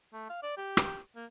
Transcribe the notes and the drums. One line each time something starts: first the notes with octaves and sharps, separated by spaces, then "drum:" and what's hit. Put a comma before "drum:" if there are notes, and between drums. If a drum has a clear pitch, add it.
A3
F5
D5
G4
drum: rim click
A#3